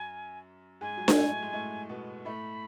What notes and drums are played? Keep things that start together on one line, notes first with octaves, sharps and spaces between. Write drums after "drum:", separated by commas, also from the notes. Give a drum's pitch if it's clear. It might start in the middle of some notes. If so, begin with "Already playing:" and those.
Already playing: F#2 F#3 G#5
G#2 G#3 G#5
F#3
G#3, drum: snare D4
A2 A3
G#3
A2 A3
B2 B3
A2 A3 B5